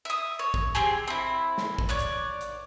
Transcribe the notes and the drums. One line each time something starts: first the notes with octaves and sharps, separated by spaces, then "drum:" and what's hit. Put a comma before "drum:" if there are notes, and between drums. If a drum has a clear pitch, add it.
E5 D#6
C#5
drum: kick
C4 G4 G#4
C4 E4
drum: snare
drum: kick
C#5 D5 F#6
drum: hi-hat
drum: hi-hat